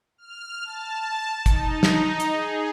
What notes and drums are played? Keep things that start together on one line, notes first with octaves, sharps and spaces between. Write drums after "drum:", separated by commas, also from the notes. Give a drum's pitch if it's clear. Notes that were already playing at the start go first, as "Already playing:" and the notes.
F6
A5
D#4, drum: kick, hi-hat
drum: snare
drum: hi-hat
G#4